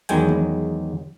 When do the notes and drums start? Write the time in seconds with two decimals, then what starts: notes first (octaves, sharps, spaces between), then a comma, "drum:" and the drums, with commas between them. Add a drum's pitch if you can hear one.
0.09 E2 D#3 F#3 G#3 G5 G#5, drum: hi-hat
0.29 drum: tom